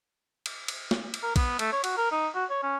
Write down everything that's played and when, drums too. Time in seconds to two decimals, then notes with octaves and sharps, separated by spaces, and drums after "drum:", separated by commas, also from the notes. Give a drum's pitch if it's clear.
0.46 drum: cymbal
0.68 drum: cymbal
0.91 drum: snare
1.14 drum: cymbal
1.23 A#4
1.36 B3, drum: kick A#1, cymbal
1.59 A3, drum: cymbal
1.72 C#5
1.84 F#4, drum: cymbal
1.97 A#4
2.11 D#4
2.35 F#4
2.50 C#5
2.63 C#4